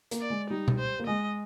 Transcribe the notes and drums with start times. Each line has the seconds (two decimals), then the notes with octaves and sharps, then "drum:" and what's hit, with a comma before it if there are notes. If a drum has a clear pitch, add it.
0.11 A#3, drum: hi-hat
0.21 D5
0.30 G#3
0.50 G3 D#4
0.68 drum: tom B2
0.79 C5
0.99 A#3
1.07 G#3 D#5